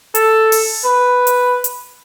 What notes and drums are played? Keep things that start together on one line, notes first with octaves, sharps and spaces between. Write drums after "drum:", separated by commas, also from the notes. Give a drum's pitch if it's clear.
A4, drum: hi-hat
drum: open hi-hat
B4
drum: hi-hat
drum: hi-hat